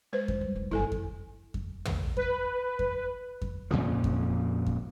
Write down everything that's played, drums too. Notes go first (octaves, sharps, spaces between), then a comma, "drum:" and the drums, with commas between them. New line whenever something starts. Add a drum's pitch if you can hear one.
G#3 B4 C5
D#3, drum: kick F2
G2
F#1 F#3
G1 F#3 E4 A4 G#5
drum: kick F2
drum: kick F2
drum: tom
B4, drum: kick F2
drum: kick F2
drum: kick F2
F2 A#2 C#3 F3
drum: kick F2
drum: kick F2